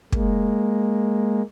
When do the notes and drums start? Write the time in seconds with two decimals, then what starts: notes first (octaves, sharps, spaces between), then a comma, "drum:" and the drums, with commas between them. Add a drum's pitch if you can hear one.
0.12 G#3 A#3, drum: kick